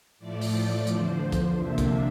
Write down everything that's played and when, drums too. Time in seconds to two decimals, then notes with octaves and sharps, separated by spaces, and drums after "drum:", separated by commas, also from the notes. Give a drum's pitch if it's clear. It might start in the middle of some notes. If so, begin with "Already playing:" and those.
0.18 A2 F3 A3 D5
0.41 drum: open hi-hat
0.87 E2 D3 F3 C5, drum: hi-hat
1.21 C5
1.32 drum: kick, hi-hat
1.55 C3 F3 A#3 D4 E5
1.78 drum: kick, hi-hat